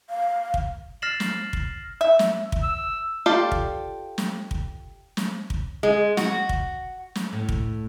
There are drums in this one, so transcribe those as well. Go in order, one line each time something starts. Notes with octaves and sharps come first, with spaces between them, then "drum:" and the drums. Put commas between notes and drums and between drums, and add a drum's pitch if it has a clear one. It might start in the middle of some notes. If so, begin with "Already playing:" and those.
F5
drum: kick
F6 A6 A#6 C7 E7 F#7
drum: snare
drum: kick
E5
drum: snare
drum: kick
E6
F4 G4 A4 D5 F5
drum: kick
drum: snare
drum: kick
drum: snare
drum: kick
G#3
F#4, drum: snare
drum: kick
drum: snare
A2
drum: kick